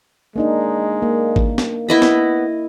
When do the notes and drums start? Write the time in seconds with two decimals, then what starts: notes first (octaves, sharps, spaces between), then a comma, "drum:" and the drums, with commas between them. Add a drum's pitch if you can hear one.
0.36 G#3 A#3 D4 D#4
1.02 A#3
1.36 drum: kick G#1
1.58 drum: snare
1.89 B3 E4 D#5 B5
2.02 drum: snare